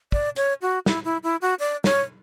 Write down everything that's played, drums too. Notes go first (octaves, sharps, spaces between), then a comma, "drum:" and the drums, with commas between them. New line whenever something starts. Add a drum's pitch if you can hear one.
D5, drum: kick
C#5, drum: hi-hat
F#4
E4, drum: snare
E4
E4
F#4
D5
C#5, drum: snare